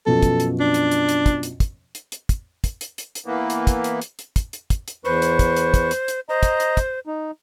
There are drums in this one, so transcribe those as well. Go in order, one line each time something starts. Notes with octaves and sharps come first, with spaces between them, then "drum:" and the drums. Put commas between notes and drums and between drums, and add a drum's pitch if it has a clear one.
F#2 B2 F3 A4
drum: kick, hi-hat
drum: hi-hat
D4
drum: hi-hat
drum: hi-hat
drum: hi-hat
drum: kick, hi-hat
drum: hi-hat
drum: kick, hi-hat
drum: hi-hat
drum: hi-hat
drum: kick, hi-hat
drum: kick, hi-hat
drum: hi-hat
drum: hi-hat
drum: hi-hat
E3 A#3 B3
drum: hi-hat
drum: kick, hi-hat
drum: hi-hat
drum: hi-hat
drum: hi-hat
drum: kick, hi-hat
drum: hi-hat
drum: kick, hi-hat
drum: hi-hat
E2 B4 C5 C#6
drum: hi-hat
drum: kick, hi-hat
drum: hi-hat
drum: kick, hi-hat
drum: hi-hat
drum: hi-hat
C5 D#5 A#5
drum: kick, hi-hat
drum: hi-hat
drum: kick, hi-hat
D#4